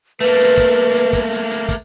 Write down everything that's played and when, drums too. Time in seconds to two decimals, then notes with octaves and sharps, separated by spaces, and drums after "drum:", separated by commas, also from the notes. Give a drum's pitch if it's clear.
0.20 A3 A#3 B4, drum: hi-hat
0.39 drum: hi-hat
0.58 drum: kick, hi-hat
0.95 drum: hi-hat
1.13 drum: kick, hi-hat
1.32 drum: hi-hat
1.50 drum: hi-hat
1.69 drum: kick, hi-hat